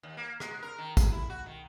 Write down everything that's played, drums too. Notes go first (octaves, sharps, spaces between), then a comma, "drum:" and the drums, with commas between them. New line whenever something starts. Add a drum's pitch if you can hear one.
D#2
A#3
G#3, drum: rim click
A#4
D#3
G#4, drum: kick, tambourine
E4
F#4
D#3